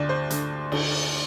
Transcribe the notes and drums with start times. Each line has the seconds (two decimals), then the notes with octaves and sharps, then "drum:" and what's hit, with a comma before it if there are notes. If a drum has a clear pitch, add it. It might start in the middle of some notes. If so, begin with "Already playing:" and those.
Already playing: D2 D3 D5
0.09 C5
0.30 D3, drum: hi-hat
0.72 D2, drum: cymbal